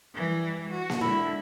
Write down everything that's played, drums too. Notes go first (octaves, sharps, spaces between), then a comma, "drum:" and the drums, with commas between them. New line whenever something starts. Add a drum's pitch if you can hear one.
E3 G3
F#4
drum: snare A#3
D3 G#3 E4